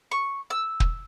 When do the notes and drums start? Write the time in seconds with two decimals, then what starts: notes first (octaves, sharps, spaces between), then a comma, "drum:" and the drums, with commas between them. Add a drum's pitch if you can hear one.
0.11 C#6
0.50 E6
0.80 drum: kick